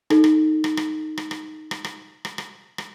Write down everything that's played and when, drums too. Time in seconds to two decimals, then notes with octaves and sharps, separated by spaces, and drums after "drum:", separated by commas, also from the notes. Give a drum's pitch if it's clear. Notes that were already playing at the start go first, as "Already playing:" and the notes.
0.10 D#4 A4, drum: rim click
0.24 drum: rim click
0.64 drum: rim click
0.77 drum: rim click
1.17 drum: rim click
1.31 drum: rim click
1.71 drum: rim click
1.84 drum: rim click
2.25 drum: rim click
2.38 drum: rim click
2.78 drum: rim click